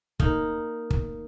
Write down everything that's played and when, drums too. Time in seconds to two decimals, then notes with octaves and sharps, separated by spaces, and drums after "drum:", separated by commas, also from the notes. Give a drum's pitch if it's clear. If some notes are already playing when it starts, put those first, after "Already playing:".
0.20 A#3 D#4, drum: kick
0.90 drum: kick